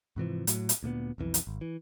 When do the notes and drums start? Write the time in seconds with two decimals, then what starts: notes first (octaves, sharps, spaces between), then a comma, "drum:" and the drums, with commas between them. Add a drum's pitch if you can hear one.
0.16 G#2 C3 E3 F3
0.47 A2 F#3, drum: hi-hat
0.69 drum: hi-hat
0.83 D2 A#2 A3 B3
1.18 B1 F2 D#3 E3
1.34 drum: hi-hat
1.47 G#1
1.61 E3